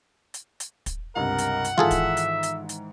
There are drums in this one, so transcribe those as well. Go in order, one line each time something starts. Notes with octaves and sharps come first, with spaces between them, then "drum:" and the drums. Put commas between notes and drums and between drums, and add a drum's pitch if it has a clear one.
drum: hi-hat
drum: hi-hat
drum: kick, hi-hat
C#2 G2 C3 A#4 F#5
drum: hi-hat
drum: hi-hat
G#2 D#3 E3 F4 G#4 A4 E5
drum: kick, hi-hat
drum: hi-hat
drum: hi-hat
drum: hi-hat